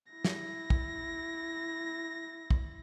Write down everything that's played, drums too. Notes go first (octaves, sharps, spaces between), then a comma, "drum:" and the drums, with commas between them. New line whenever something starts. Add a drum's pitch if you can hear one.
E4 A#6
drum: snare
drum: kick
drum: kick